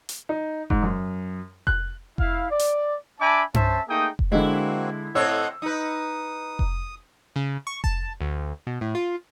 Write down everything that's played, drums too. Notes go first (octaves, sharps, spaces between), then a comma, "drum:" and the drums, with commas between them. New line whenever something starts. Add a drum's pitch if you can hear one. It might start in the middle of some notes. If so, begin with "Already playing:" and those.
drum: hi-hat
D#4
G#2, drum: kick F1
F#2
F#6, drum: kick F1
E4 F5, drum: kick F1
D5
drum: hi-hat
D4 E5 G#5 A5 B5 D6
C#4 C5 E5 A5, drum: tom G2
A3 A#3 D#4 G#4 G5 D#6
drum: kick F1
D3 G#3 A#3 C4 E4 F#4
A2 C4 A4 C#5 D#5 F#5 E6
D#4 B4 D#6
drum: kick F1
C#3
C#6
A5, drum: kick F1
D2
B2
A2
F4